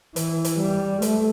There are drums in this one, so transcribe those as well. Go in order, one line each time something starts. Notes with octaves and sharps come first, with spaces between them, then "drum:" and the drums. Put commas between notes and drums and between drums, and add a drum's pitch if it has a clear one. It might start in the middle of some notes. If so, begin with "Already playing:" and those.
E3, drum: hi-hat
drum: hi-hat
G3
A3, drum: hi-hat